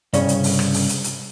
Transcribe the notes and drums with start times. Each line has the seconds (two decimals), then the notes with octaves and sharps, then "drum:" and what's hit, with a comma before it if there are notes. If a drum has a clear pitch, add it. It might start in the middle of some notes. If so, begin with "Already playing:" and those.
0.13 C2 G2 C#3 C#4, drum: hi-hat
0.29 drum: hi-hat
0.44 drum: open hi-hat
0.59 drum: rim click
0.74 drum: open hi-hat
0.89 drum: hi-hat
1.04 drum: hi-hat